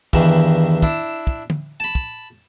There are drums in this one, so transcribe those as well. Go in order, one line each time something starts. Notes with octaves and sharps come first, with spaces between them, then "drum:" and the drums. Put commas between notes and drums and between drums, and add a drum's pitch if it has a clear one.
E2 G2 D#3 E3, drum: kick
D4 E4, drum: kick
drum: kick
drum: tom
A5 B5
drum: kick